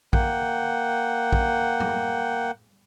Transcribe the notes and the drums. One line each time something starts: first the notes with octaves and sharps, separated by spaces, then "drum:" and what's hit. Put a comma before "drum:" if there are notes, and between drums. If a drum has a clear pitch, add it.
A#3 F#5 G5, drum: kick
drum: kick
drum: tom